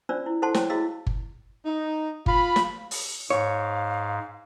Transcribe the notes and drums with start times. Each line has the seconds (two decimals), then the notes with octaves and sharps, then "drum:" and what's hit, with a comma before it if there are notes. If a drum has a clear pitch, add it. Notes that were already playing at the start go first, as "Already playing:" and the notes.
0.09 C#4 D4 F4 C5 D5 E6
0.26 E4
0.42 E4 A4 C5 F#5 A5 C6
0.54 C5 C#5 G5 A5, drum: snare
0.70 E4 F#4 G#4 D#5 F5 E6
1.07 drum: kick G1
1.66 D#4
2.26 F4 B5, drum: kick G1
2.56 drum: snare
2.91 drum: open hi-hat
3.30 G#2 C#5 F5